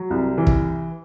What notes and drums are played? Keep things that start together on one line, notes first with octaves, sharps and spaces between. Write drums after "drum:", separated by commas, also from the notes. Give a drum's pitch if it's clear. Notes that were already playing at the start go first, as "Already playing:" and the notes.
Already playing: F#3
C2
E3
drum: kick